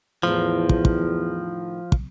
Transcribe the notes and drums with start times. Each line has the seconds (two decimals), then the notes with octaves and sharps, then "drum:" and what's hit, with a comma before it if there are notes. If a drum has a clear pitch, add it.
0.23 E2 A2 D#3 F3
0.69 drum: kick
0.85 drum: kick
1.92 drum: kick